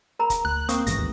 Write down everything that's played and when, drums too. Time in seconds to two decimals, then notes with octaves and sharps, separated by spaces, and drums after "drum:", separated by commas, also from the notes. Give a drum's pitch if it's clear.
0.19 A#4 A#5 B5
0.30 drum: kick, hi-hat
0.45 D2 F#6
0.69 A#3 C4 C#6 D#6, drum: hi-hat
0.87 A1 G#2 E3 A#6, drum: hi-hat
0.99 D#2